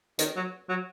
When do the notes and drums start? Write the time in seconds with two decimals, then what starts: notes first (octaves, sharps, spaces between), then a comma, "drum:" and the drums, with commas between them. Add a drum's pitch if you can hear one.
0.19 D#3, drum: hi-hat
0.36 F#3
0.69 F#3